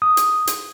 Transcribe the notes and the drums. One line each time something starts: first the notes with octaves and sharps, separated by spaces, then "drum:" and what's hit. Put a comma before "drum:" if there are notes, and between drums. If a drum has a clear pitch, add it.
D#6
drum: hi-hat
drum: hi-hat